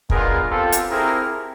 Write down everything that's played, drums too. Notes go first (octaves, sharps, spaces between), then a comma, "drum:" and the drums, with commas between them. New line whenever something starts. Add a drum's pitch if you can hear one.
G#3 B3 D4 F4 G#4 A#4, drum: kick
C4 F4 G4 A4
drum: hi-hat
C4 E4 G4 G#4 A#4